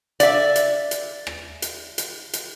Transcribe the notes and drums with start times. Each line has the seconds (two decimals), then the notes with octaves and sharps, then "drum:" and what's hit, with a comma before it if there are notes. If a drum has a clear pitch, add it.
0.20 D5 E5, drum: hi-hat
0.56 drum: hi-hat
0.91 drum: hi-hat
1.27 drum: rim click
1.62 drum: hi-hat
1.98 drum: hi-hat
2.33 drum: hi-hat